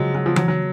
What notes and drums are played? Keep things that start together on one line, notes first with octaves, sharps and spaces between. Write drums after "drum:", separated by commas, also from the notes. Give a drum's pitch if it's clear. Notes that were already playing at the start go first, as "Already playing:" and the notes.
Already playing: C#3 F3 F#3 G#3
F#3
F3
F#3, drum: tom E3
F#3